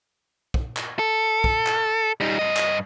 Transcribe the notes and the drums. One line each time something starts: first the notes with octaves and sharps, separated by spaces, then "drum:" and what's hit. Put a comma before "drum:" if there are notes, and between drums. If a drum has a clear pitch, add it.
drum: kick
drum: clap
A4
drum: kick
drum: clap
G3 D#4
G2 D#5
drum: clap